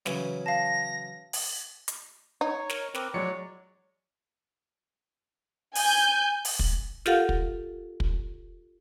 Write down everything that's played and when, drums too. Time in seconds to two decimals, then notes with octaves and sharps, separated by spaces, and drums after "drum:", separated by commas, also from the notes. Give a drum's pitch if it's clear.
0.06 C#3 E3 F#3, drum: snare
0.46 F5 A5 A#6
1.33 drum: open hi-hat
1.88 drum: hi-hat
2.41 D#4 C#5
2.69 A#4, drum: snare
2.94 C4 A#4 B4 D6, drum: snare
3.14 F#3 G#3 C#5 D5 C#7
5.75 G#5 G6, drum: open hi-hat
6.45 drum: open hi-hat
6.59 drum: kick
7.06 F4 G4 A4 A#4 F5 F#5, drum: snare
7.29 drum: kick
8.00 drum: kick